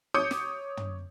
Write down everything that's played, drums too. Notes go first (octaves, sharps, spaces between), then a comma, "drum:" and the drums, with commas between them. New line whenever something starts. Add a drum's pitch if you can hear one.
C#5 D6 D#6 G6 C#7
drum: snare
drum: tom